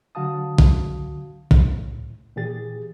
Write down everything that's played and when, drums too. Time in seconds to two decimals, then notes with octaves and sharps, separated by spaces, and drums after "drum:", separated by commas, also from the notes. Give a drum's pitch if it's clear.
0.15 D3 F#3 F#4 F5 A5 D#6
0.59 drum: kick
1.51 A2, drum: kick
2.36 A#2 E3 G4 G#4 A6